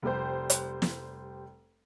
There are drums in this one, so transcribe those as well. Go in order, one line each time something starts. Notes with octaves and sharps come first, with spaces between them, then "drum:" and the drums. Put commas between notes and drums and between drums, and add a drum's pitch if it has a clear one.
F1 G3 G4 C5
drum: hi-hat
drum: snare